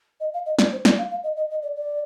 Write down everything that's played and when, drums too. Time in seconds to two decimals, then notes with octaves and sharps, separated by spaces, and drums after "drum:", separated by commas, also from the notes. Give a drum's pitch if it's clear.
0.20 D#5
0.34 F5
0.46 D#5
0.59 D5, drum: snare
0.72 C5
0.85 D5, drum: snare
0.98 F5
1.11 F5
1.24 D#5
1.37 D#5
1.50 D#5
1.63 D5
1.76 D5